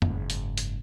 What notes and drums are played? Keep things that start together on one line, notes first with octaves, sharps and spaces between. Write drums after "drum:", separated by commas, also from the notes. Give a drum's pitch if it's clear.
F#1 G#2, drum: tom F2
drum: hi-hat
drum: hi-hat